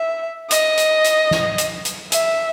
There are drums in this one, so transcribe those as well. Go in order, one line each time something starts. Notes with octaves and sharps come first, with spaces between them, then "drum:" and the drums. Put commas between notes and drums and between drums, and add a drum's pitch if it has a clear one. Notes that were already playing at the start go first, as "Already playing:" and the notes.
Already playing: E5
D#5, drum: hi-hat
drum: hi-hat
drum: hi-hat
drum: snare
drum: hi-hat
drum: hi-hat
E5, drum: hi-hat